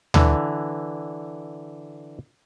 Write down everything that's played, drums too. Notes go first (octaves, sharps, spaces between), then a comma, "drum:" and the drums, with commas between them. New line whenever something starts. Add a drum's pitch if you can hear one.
D3 E3, drum: tom D2